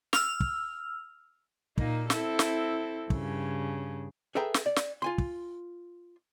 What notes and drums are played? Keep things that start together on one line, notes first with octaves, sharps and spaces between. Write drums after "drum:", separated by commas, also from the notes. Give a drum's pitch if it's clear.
E6 F6 F7, drum: snare
drum: kick
A#2 A#3 D#4, drum: kick
C4 E4 A4, drum: snare
drum: snare
G2 C#3, drum: kick
G#4 A4 B4 E5 G5 A#5
drum: snare
D5
drum: snare
F4 G#5 C6
drum: kick